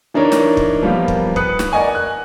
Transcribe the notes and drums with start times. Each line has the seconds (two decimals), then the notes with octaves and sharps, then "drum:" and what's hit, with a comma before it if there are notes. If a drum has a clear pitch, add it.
0.14 E3 D4 D#4 A#4 C#5 D5
0.32 drum: snare
0.57 drum: kick
0.83 F3 G3 A#3 B3 F4 G4
1.08 drum: kick
1.36 B4 D#6 F#6 C#7, drum: kick
1.59 drum: snare
1.72 A#4 D5 D#5 F#5 G#5 C#6
1.95 F#6